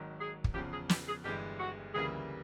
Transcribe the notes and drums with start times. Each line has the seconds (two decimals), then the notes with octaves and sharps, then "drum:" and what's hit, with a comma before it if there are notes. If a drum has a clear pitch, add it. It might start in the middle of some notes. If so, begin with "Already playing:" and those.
Already playing: G#1 G#2 D#3 F#3
0.20 G#4
0.44 drum: kick
0.54 E2 C#3 F3 G4
0.73 G#4
0.89 G4, drum: snare
1.08 G#4
1.24 G1 G2 E3 G#3 G4
1.60 F#4
1.95 D2 C#3 E3 G3 A#3 G#4